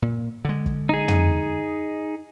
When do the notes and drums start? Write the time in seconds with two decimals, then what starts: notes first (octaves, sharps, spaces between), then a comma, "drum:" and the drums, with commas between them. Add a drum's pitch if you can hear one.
0.02 A#2
0.45 D3 G#3
0.66 drum: kick
0.89 D#4 G#4
1.08 drum: tom